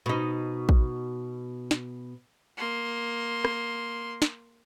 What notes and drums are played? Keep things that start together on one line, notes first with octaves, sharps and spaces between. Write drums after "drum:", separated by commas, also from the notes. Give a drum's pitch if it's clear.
B2 D#4
drum: kick
drum: snare
A#3 C6
drum: rim click
drum: snare